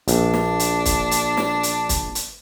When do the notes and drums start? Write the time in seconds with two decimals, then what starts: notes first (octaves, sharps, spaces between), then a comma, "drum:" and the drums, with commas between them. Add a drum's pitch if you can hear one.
0.08 A#1 D4, drum: hi-hat
0.34 drum: snare
0.59 drum: hi-hat
0.85 drum: kick, hi-hat
1.11 drum: hi-hat
1.37 drum: snare
1.63 drum: hi-hat
1.89 drum: kick, hi-hat
2.15 drum: hi-hat